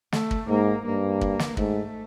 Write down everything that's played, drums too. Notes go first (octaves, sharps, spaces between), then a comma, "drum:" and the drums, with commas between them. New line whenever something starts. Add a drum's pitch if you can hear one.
A3, drum: snare
drum: kick
G#2 A#3
G2 A#3
drum: kick
drum: snare
G#2 A3, drum: kick